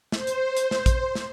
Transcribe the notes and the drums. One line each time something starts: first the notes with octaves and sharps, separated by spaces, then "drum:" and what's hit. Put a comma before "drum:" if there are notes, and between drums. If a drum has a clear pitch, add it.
C5, drum: snare
drum: hi-hat
drum: hi-hat
drum: snare
drum: kick, hi-hat
drum: snare